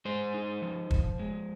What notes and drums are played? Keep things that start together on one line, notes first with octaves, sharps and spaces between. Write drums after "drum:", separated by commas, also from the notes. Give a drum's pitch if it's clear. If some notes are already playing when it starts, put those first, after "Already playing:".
G#3 C5
D#4
F3
F3, drum: kick
G#3